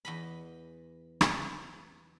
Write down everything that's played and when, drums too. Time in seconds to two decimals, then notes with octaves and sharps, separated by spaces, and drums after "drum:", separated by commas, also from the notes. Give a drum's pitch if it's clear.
0.05 E2 D#5 B5
1.21 drum: rim click